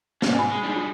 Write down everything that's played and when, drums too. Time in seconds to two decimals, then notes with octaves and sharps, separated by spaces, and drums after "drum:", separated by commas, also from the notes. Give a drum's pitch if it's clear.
0.22 G#2, drum: snare
0.35 G#5 B5
0.52 G#3
0.63 G3 G#3 D4 D#4 C#5
0.76 F4